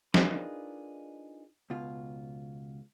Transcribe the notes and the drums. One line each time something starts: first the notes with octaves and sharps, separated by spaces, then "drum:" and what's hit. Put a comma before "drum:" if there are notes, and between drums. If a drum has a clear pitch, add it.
D4 D#4 F4 G#4 A#4 B4, drum: snare
C#2 B2 F4